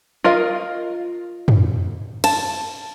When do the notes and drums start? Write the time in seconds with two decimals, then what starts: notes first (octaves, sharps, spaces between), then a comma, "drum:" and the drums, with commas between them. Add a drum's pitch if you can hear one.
0.24 F4 A#4 D#5 F5
1.48 drum: tom
2.24 A5, drum: cymbal